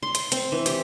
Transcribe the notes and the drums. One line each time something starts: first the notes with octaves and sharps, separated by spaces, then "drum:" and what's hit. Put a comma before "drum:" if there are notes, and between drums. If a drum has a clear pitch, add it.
C6
drum: hi-hat
C4, drum: hi-hat
E3
G4, drum: hi-hat